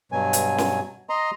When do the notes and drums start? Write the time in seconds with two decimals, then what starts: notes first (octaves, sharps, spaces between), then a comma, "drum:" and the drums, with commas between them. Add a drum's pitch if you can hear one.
0.12 G2 B2 F#3 G#5
0.33 drum: hi-hat
0.58 drum: snare
1.09 D#5 A#5 C6